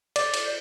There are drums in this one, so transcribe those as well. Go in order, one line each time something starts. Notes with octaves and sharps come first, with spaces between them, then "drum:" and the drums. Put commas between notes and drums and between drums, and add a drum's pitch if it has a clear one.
D5, drum: cymbal
drum: cymbal